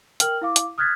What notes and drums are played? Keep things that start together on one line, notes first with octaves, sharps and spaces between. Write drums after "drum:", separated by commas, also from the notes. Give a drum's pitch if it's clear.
A#4 G5 F6 F#7, drum: hi-hat
E4 F5 D6
drum: hi-hat
D#6 F6 F#6 G#6 A6 B6